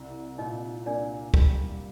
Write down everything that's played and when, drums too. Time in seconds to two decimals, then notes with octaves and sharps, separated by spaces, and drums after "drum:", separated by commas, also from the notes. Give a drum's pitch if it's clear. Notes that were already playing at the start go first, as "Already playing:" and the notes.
Already playing: C2
0.38 A#2 D#4 D#5
0.86 A#3 D4 D5
1.34 G3, drum: kick